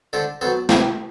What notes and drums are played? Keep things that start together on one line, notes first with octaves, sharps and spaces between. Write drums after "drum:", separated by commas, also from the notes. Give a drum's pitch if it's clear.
D3 A4 C5
F#3 B3 A4 C5
C3 G4 B4, drum: snare